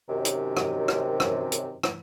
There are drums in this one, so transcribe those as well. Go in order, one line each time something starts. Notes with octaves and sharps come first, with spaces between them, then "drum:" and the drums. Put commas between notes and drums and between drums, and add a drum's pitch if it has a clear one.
F#2 C3 D#3
drum: hi-hat
drum: rim click
drum: rim click
drum: rim click
drum: hi-hat
drum: rim click